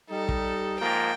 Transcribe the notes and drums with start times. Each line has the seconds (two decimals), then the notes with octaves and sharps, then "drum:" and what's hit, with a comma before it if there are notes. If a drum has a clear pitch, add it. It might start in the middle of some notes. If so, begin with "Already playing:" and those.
0.10 G3 D#4 A4
0.29 drum: kick
0.80 G#2 F3 A#3 G5